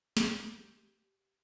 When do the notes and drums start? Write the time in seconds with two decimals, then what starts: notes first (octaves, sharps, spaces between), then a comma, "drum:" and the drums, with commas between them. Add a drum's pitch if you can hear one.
0.17 G4, drum: snare